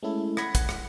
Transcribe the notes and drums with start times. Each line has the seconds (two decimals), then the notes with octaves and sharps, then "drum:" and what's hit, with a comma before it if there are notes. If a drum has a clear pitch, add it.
0.02 G#3 A3 C#4 E4 A4
0.37 F#5 B5 G#6 A#6 C#7, drum: rim click
0.55 F#5, drum: kick, hi-hat
0.69 drum: rim click